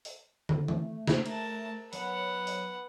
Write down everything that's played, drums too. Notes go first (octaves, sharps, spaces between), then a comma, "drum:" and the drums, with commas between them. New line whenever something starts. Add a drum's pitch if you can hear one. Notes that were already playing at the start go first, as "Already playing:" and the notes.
drum: open hi-hat
drum: tom
A3, drum: tom E3
drum: snare
A#4 A5, drum: cymbal
F#3 B3 F#5, drum: open hi-hat
drum: open hi-hat